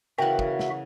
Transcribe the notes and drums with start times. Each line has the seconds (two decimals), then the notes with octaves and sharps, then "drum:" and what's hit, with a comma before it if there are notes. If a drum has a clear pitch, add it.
0.18 C#3 E3 F#4 A#4 E5 F#5 G5
0.39 drum: kick
0.59 drum: snare